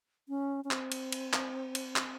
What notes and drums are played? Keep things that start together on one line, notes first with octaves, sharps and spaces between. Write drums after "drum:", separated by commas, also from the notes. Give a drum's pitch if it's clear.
C#4
C#4
C4, drum: clap
drum: cymbal
drum: cymbal
drum: clap
drum: cymbal
drum: clap